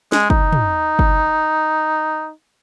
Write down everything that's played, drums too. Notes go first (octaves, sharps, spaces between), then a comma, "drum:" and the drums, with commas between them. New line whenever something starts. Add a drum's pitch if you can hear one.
G#3, drum: snare
D#4, drum: kick
drum: tom
drum: kick